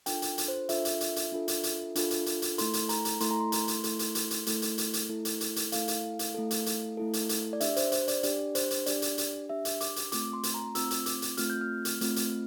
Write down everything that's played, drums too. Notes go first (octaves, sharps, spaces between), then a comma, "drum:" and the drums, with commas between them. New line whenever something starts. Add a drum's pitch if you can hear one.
D4 F4 A4 G5, drum: hi-hat
drum: hi-hat
drum: hi-hat
C5
D4 F4 A4 E5, drum: hi-hat
drum: hi-hat
drum: hi-hat
drum: hi-hat
D4 F4 A4
drum: hi-hat
drum: hi-hat
D4 F4 A4, drum: hi-hat
drum: hi-hat
drum: hi-hat
drum: hi-hat
A3 E4 A4 C6, drum: hi-hat
drum: hi-hat
A#5, drum: hi-hat
drum: hi-hat
A3 E4 A4 C6, drum: hi-hat
A#5
C6
drum: hi-hat
drum: hi-hat
A3 E4 A4, drum: hi-hat
drum: hi-hat
drum: hi-hat
drum: hi-hat
A3 E4 A4, drum: hi-hat
drum: hi-hat
drum: hi-hat
drum: hi-hat
A3 E4 A4
drum: hi-hat
drum: hi-hat
drum: hi-hat
A3 E4 A4 F5, drum: hi-hat
drum: hi-hat
drum: hi-hat
A3 E4 A4
drum: hi-hat
drum: hi-hat
A3 E4 A4
drum: hi-hat
drum: hi-hat
D5
D4 G4 E5, drum: hi-hat
C5, drum: hi-hat
C5, drum: hi-hat
D5, drum: hi-hat
D4 G4 D5, drum: hi-hat
C5, drum: hi-hat
drum: hi-hat
D4 G4 D5, drum: hi-hat
drum: hi-hat
drum: hi-hat
D4 G4 E5
drum: hi-hat
D6, drum: hi-hat
drum: hi-hat
A3 C4 F4 D6, drum: hi-hat
C6
drum: hi-hat
A#5
A3 C4 F4 E6, drum: hi-hat
drum: hi-hat
D6, drum: hi-hat
drum: hi-hat
A3 C4 F4 F6, drum: hi-hat
G6
F6
drum: hi-hat
A3 C4 F4, drum: hi-hat
drum: hi-hat